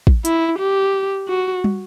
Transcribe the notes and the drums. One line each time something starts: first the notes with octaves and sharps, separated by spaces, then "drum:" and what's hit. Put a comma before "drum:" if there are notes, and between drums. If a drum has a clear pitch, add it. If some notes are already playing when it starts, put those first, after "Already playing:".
drum: kick
E4, drum: hi-hat
G4
F#4
drum: tom